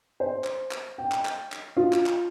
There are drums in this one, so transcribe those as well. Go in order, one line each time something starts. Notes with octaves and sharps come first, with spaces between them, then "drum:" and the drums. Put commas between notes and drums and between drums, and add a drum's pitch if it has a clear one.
C5
drum: clap
drum: clap
G5
drum: clap
drum: clap
drum: clap
F4
drum: clap
drum: clap